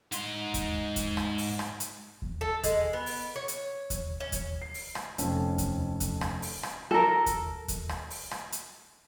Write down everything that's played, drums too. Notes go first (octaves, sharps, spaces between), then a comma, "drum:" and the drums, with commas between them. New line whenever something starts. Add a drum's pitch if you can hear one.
G#2 C6, drum: hi-hat
drum: kick D#2, hi-hat
drum: kick D#2, hi-hat
drum: rim click
drum: open hi-hat
drum: rim click
drum: hi-hat
drum: kick D#2
A4
G#3, drum: kick D#2, hi-hat
B3
drum: open hi-hat
C#5
drum: hi-hat
drum: kick D#2, hi-hat
C#4
drum: kick D#2, hi-hat
C7
drum: open hi-hat
drum: rim click
F1 F2 C#4 A4, drum: hi-hat
drum: kick D#2, hi-hat
drum: kick D#2, hi-hat
drum: rim click
drum: open hi-hat
drum: rim click
A4 A#4
drum: kick D#2, hi-hat
drum: kick D#2, hi-hat
drum: rim click
drum: open hi-hat
drum: rim click
drum: hi-hat